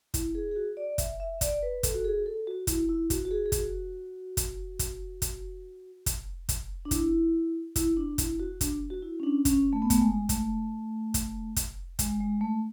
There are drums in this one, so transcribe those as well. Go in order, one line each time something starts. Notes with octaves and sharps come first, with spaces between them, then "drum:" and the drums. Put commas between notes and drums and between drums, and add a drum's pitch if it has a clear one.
E4, drum: kick, hi-hat
G#4
G#4
F#4
D5
E5, drum: kick, hi-hat
E5
D5, drum: kick, hi-hat
B4
A4, drum: kick, hi-hat
F#4
G#4
A4
F#4
E4, drum: kick, hi-hat
E4
F#4, drum: kick, hi-hat
F#4
G#4
G#4
F#4, drum: kick, hi-hat
drum: kick, hi-hat
drum: kick, hi-hat
drum: kick, hi-hat
drum: kick, hi-hat
drum: kick, hi-hat
D4
E4, drum: kick, hi-hat
E4, drum: kick, hi-hat
D4
E4, drum: kick, hi-hat
F#4
D4, drum: kick, hi-hat
F#4
E4
C#4
D4
C#4, drum: kick, hi-hat
A3
B3
A3, drum: kick, hi-hat
G#3
A3, drum: kick, hi-hat
drum: kick, hi-hat
drum: kick, hi-hat
G#3, drum: kick, hi-hat
G#3
A3